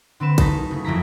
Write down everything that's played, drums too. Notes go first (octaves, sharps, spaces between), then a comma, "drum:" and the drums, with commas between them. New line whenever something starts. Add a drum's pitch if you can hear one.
D3 C4 B4 E7
F#1 A3 D#4 A5 A#5 B6, drum: kick, cymbal
C#3 A3
F#1 F2 C#3 E4 A#5 B6